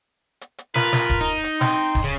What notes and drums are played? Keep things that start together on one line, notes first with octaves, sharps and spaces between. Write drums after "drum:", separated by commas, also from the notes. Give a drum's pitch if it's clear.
drum: hi-hat
drum: hi-hat
F4 A#4 B4, drum: snare
drum: snare
drum: kick, hi-hat
D#4
drum: hi-hat
G5 C6, drum: snare
drum: kick, open hi-hat
C#3